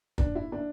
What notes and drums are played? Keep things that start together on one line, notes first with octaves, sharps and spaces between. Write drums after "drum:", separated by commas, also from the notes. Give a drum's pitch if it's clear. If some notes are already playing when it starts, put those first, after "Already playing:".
D4, drum: kick
E4
D4